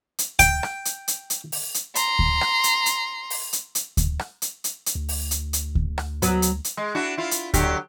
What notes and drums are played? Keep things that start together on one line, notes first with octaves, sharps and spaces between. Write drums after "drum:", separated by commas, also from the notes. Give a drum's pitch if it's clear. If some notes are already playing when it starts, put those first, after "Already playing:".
drum: hi-hat
G5, drum: kick D2, hi-hat
drum: rim click
drum: hi-hat
drum: hi-hat
drum: hi-hat
drum: open hi-hat
drum: hi-hat
A#5 C6, drum: hi-hat
drum: kick D2
drum: rim click
drum: hi-hat
drum: hi-hat
drum: open hi-hat
drum: hi-hat
drum: hi-hat
drum: kick D2, hi-hat
drum: rim click
drum: hi-hat
drum: hi-hat
drum: hi-hat
D2
drum: open hi-hat
drum: hi-hat
drum: hi-hat
drum: kick D2
drum: rim click
F#3 B3, drum: hi-hat
drum: hi-hat
drum: hi-hat
G#3
D4 E4 F#4
E4 F4
drum: hi-hat
D3 F#3 G4, drum: kick D2, hi-hat